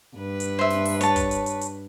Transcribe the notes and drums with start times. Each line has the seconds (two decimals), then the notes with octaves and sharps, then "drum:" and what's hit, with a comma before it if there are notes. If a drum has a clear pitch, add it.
0.17 G2 B4
0.40 drum: hi-hat
0.59 C5 E5
0.70 drum: snare
0.85 drum: open hi-hat
1.01 C#5 A5, drum: hi-hat
1.16 drum: kick, hi-hat
1.31 drum: hi-hat
1.46 drum: hi-hat
1.61 drum: hi-hat